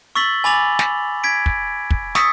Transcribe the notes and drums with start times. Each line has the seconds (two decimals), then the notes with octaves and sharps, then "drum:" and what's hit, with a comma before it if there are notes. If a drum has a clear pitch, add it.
0.15 C#6 E6 A6 B6 F#7 G7
0.44 G#5 B5 D6 A6 F7 F#7
0.79 drum: snare
1.24 G#6 B6 D7
1.46 drum: kick
1.91 drum: kick
2.15 C#6 D#6 E6 A6 B6 C#7, drum: snare